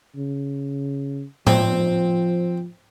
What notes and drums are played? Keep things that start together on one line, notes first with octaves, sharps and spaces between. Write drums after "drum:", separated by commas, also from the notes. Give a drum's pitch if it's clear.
C#3
F3 C4, drum: tom A2